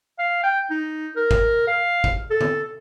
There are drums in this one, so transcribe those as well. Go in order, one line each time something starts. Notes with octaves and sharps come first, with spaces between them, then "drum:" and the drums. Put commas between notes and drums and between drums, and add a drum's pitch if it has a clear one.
F5
G5
D#4
A#4
drum: kick
F5
drum: kick
A4
drum: tom D3